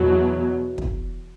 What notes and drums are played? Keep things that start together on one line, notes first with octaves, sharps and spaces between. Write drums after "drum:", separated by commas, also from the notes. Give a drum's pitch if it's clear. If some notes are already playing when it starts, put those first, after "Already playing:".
Already playing: E2 B2 F#3
drum: kick